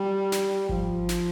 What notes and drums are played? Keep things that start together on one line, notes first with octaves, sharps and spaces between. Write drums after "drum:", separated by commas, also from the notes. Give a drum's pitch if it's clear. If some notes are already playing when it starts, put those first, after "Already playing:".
Already playing: G3
drum: snare
F3, drum: kick G#1
drum: snare